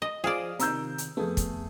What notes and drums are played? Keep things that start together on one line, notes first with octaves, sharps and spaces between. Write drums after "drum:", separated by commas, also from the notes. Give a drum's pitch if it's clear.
D#5
F3 G#4 D5 F5 D#6
C3 D#3 A#5 E6 G6, drum: hi-hat
drum: hi-hat
F2 A3 B3 G#4
drum: kick, hi-hat